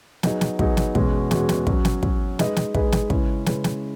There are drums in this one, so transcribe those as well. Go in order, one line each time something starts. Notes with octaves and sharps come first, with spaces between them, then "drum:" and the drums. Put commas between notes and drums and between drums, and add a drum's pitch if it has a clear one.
F#3 B3 D#4 G#4, drum: snare
drum: snare
F#3 B3 D#4 G#4, drum: kick
drum: snare
E2 B2 G#3 C#4 F#4, drum: kick
E2 B2 G#3 C#4 F#4, drum: snare
drum: snare
F#3 C#4 F#4, drum: kick
drum: snare
F#3 C#4 F#4, drum: kick
G#3 D#4 G#4 B4 D#5, drum: snare
drum: snare
G#3 D#4 G#4 B4 D#5, drum: kick
drum: snare
C#3 G#3 C#4 E4 B4, drum: kick
C#3 G#3 C#4 E4 B4, drum: snare
drum: snare